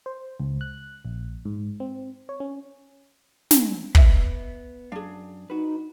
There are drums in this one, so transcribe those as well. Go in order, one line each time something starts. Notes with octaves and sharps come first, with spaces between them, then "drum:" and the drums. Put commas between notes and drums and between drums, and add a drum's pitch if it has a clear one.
C5
C#2
F#6
A#1
G#2
C4
C#5
C#4
drum: snare
B3 B4 D#5 E5, drum: kick
F#2 D4 G#4 F5
D#4 F#4 B4